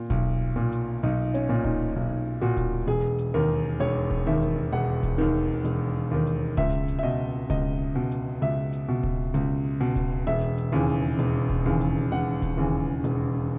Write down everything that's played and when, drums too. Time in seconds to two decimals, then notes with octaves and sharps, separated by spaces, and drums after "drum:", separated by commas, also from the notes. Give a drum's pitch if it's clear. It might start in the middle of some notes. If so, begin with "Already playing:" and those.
Already playing: A#2
0.10 B1, drum: kick D1, hi-hat
0.56 A#2
0.72 drum: hi-hat
1.03 B1 D#4
1.34 C#4, drum: hi-hat
1.49 A#2
1.64 D#4, drum: kick D1
1.96 B1
2.41 A#2 F#4
2.57 drum: kick D1, hi-hat
2.87 E1 G#4
3.18 drum: hi-hat
3.34 D#2 D#3 A#4
3.80 E1 C#5, drum: hi-hat
4.11 drum: kick D1
4.27 D#2 D#3 E5
4.42 drum: hi-hat
4.72 E1 F#5
5.03 drum: kick D1, hi-hat
5.18 D#2 D#3
5.64 E1, drum: hi-hat
6.11 D#2 D#3
6.26 drum: hi-hat
6.57 C#2 E5, drum: kick D1
6.88 drum: hi-hat
6.99 E5
7.03 B2 D#5
7.50 C#2 D#5, drum: kick D1, hi-hat
7.95 B2
8.11 drum: hi-hat
8.42 C#2 E5
8.73 drum: hi-hat
8.88 B2
9.03 drum: kick D1
9.34 C#2, drum: hi-hat
9.81 B2
9.96 drum: kick D1, hi-hat
10.27 E1 E5
10.57 drum: hi-hat
10.72 D#2 C#3 E3
11.19 E1, drum: hi-hat
11.50 drum: kick D1
11.66 D#2 C#3 E3
11.81 drum: hi-hat
12.12 E1 F#5
12.42 drum: kick D1, hi-hat
12.57 D#2 C#3 E3
13.04 E1, drum: hi-hat